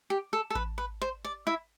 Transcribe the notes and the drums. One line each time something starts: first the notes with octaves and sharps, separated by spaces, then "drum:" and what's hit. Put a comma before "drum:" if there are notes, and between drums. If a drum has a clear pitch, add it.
G4
A4
A4
B4, drum: kick A1
B4
C5
D5
E4 E5